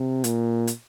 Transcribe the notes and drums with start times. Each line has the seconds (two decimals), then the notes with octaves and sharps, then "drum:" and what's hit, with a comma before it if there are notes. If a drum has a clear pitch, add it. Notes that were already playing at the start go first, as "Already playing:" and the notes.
Already playing: C3
0.24 A#2, drum: hi-hat
0.67 drum: hi-hat